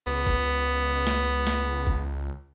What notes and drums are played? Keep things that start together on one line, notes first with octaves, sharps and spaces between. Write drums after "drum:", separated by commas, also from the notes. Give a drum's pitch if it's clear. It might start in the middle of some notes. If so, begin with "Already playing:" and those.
C#2 B3
drum: kick
drum: snare
drum: snare
drum: kick